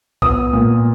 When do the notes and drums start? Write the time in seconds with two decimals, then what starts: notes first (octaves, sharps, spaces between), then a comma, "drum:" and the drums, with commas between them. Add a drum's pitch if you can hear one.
0.22 B3 D#6, drum: kick B1
0.53 A#2